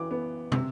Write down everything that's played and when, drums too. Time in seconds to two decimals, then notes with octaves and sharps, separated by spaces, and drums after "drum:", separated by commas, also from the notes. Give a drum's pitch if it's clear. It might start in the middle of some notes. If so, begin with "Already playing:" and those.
Already playing: E3 D6
0.11 B3
0.52 C3, drum: tom